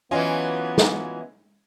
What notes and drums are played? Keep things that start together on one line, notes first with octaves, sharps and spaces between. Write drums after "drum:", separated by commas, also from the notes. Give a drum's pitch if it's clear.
E3 F#3 B3 C#4 F4 D#5 G#5
drum: snare